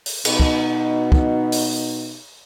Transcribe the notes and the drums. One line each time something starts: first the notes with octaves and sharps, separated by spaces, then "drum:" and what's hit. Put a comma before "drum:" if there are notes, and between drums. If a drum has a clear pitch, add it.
drum: open hi-hat
B2 D#4, drum: cymbal
drum: kick
drum: kick
drum: open hi-hat